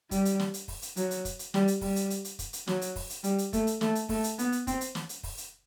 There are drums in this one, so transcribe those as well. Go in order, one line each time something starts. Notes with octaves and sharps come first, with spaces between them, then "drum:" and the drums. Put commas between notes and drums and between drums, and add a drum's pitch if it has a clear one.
G3, drum: kick, hi-hat
drum: hi-hat
drum: snare
drum: hi-hat
drum: kick, open hi-hat
drum: hi-hat
F#3, drum: hi-hat
drum: hi-hat
drum: kick, hi-hat
drum: hi-hat
G3, drum: snare
drum: hi-hat
G3, drum: kick, open hi-hat
drum: hi-hat
drum: hi-hat
drum: hi-hat
drum: kick, hi-hat
drum: hi-hat
F#3, drum: snare
drum: hi-hat
drum: kick, open hi-hat
drum: hi-hat
G3, drum: hi-hat
drum: hi-hat
A3, drum: kick, hi-hat
drum: hi-hat
A3, drum: snare
drum: hi-hat
A3, drum: kick, open hi-hat
drum: hi-hat
B3, drum: hi-hat
drum: hi-hat
C4, drum: kick, hi-hat
drum: hi-hat
drum: snare
drum: hi-hat
drum: kick, open hi-hat
drum: hi-hat